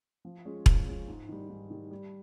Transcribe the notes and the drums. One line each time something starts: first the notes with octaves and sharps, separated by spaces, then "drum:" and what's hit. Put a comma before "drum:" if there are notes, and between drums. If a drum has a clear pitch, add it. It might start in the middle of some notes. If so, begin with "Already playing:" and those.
F3
G#3 C#4 F4
F3, drum: kick E1
G#3 C#4 F4
G#2
D#3 G3
G#2
D#3 G3
G3